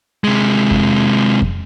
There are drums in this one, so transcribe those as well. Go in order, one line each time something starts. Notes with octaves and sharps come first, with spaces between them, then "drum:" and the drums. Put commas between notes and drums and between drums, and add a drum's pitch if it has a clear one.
C3 G#3
drum: kick F2
drum: kick F2